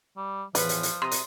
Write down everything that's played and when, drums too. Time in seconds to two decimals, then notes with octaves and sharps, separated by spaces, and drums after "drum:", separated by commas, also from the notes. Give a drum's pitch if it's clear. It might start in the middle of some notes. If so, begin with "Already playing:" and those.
0.17 G3
0.55 E2 A2 E3 F3 B4, drum: hi-hat
0.69 drum: hi-hat
0.83 drum: hi-hat
1.02 C3 A#5 C6 D#6
1.11 drum: hi-hat